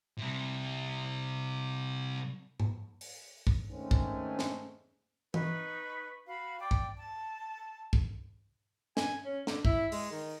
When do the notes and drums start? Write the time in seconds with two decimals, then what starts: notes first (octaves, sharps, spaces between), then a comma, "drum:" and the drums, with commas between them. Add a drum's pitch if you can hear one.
0.17 C3 G3
2.60 drum: tom G#2
3.01 drum: open hi-hat
3.47 drum: kick
3.70 D#3 G#3 A3 C4 C#4
3.91 drum: kick
4.39 drum: snare
5.34 D#4 B4 C#6, drum: tom E3
6.27 F#4 F5 B5
6.60 D5 G5 D6
6.71 drum: kick
6.97 A5
7.93 drum: kick
8.97 G#5, drum: snare
9.25 C#4
9.47 D3, drum: snare
9.65 E4, drum: kick
9.92 G#3, drum: open hi-hat
10.11 D#3